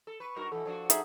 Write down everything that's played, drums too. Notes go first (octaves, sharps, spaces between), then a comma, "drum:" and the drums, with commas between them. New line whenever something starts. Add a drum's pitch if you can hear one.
A4
B4 C#6
G2 F#4 A#4
B2 E3 A4
F3 D4 F#4
D#4 G#4 E5, drum: hi-hat